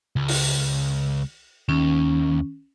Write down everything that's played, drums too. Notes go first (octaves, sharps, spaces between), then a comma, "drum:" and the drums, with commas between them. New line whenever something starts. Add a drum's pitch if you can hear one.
C#2
drum: open hi-hat
D#2 C#4